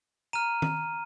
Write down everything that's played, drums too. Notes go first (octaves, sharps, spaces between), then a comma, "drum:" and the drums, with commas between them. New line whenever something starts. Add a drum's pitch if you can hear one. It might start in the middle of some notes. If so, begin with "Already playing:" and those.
A#5 F6 D#7
drum: tom D#3